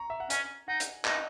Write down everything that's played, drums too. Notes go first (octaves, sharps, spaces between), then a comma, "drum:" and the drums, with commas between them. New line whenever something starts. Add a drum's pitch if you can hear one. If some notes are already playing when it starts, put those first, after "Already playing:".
Already playing: A#5 C#6
E5
F#5
C#4 G#5, drum: hi-hat
D#4 F#5
drum: hi-hat
D#4 D#5, drum: clap